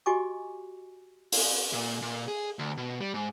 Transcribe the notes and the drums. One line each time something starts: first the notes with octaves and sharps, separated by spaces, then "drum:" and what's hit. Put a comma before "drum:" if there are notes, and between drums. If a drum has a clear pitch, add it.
F#4 G4 D#5 G#5 C#6 D6
drum: open hi-hat
A#2
A#2
G#4
D2
B2
G3
G#2